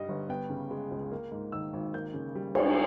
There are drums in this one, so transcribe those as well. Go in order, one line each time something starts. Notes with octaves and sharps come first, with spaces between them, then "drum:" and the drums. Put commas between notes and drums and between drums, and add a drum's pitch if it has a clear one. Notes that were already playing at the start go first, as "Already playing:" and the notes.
Already playing: G2 G3 D#5
G1
B3 G5
C#3
G#3
C#2
A#3
G#2
D#3 E6
G#1
A#3 G6
C#3
G3
C#2, drum: cymbal